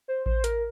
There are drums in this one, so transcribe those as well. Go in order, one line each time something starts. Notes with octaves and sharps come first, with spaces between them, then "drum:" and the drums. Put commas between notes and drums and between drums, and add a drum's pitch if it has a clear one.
C5
C5, drum: kick A1
A#4, drum: hi-hat